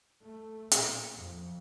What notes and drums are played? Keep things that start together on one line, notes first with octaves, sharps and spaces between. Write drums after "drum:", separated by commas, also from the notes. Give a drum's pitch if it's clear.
A3
A#2, drum: hi-hat
F2